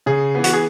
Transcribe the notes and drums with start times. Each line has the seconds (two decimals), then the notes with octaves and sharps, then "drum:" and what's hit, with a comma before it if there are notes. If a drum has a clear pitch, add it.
0.06 C#3 G#4
0.35 E3 B3
0.44 F#4, drum: hi-hat
0.53 G#4